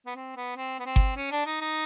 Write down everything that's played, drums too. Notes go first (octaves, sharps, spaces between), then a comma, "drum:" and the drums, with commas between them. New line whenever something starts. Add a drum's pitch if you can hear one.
B3
C4
B3
C4
B3
C4
drum: kick G1
C#4
D4
D#4
D#4